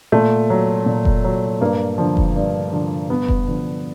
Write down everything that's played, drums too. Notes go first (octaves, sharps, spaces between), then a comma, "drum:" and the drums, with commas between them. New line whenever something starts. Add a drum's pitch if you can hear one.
A#2 A3
F#3
A#2
drum: kick F1
F#3
G2 A#3
D3 F3
drum: kick F1
G2
D3 F3
G2 B3
drum: kick F1
D3 F3